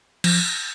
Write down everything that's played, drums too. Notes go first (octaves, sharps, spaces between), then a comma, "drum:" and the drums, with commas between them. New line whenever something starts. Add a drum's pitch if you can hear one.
F3, drum: cymbal